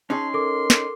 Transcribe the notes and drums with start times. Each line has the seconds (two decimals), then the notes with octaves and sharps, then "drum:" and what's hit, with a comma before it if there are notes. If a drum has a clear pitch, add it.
0.10 C#4 D#4 G#4 A5 C6
0.34 A4 A#4 D6
0.70 drum: snare